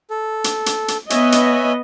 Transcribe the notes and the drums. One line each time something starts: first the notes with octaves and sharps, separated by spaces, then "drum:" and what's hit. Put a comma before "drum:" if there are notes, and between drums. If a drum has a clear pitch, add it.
A4
drum: hi-hat
drum: hi-hat
drum: hi-hat
B3 C#5 D#5 E5 G#5, drum: hi-hat
drum: hi-hat